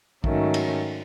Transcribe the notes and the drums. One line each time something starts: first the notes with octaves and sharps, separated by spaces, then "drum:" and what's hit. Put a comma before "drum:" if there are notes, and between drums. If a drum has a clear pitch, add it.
G#2 D#3 F#3 A3 C#4, drum: kick
drum: cymbal